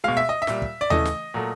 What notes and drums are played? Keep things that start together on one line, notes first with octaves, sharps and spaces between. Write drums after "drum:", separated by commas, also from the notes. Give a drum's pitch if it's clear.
B2 G#3 F5
E5
D#5
E5
A#2 G3, drum: snare
drum: kick
D5
C#3 E3 A3 D#5, drum: tom D#2
drum: snare
A#2 F#3 A3